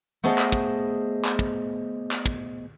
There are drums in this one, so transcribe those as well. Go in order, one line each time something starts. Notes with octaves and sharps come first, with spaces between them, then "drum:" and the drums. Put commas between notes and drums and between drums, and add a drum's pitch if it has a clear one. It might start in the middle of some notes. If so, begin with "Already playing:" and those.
A3 B3 G#4 C5 D#5 A5
drum: clap
drum: kick
drum: clap
drum: kick
drum: clap
drum: kick